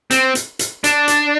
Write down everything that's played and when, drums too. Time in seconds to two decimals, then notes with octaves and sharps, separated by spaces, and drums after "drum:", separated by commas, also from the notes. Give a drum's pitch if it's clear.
0.11 C4, drum: hi-hat
0.35 drum: hi-hat
0.59 drum: hi-hat
0.84 D4, drum: hi-hat
1.08 drum: hi-hat